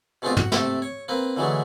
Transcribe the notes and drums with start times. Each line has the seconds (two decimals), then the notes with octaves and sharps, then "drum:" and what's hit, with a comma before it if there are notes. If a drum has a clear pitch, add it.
0.22 B2 G#3 A3 C4 D4 F4
0.37 F#4, drum: tom
0.52 C3 A3 A4 D6, drum: snare
0.82 C#5
1.08 A#3 C4 B4
1.36 D3 E3 F#3 G#3 A3